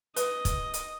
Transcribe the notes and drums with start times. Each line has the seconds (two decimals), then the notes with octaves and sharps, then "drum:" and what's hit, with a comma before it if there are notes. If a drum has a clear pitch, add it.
0.16 B4 D#5, drum: hi-hat
0.45 drum: kick, hi-hat
0.74 drum: hi-hat